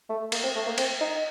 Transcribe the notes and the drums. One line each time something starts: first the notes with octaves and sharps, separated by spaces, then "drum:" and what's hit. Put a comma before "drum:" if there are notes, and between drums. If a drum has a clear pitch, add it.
A3
A#3, drum: cymbal
C4
A3
A#3
C4, drum: cymbal
D#4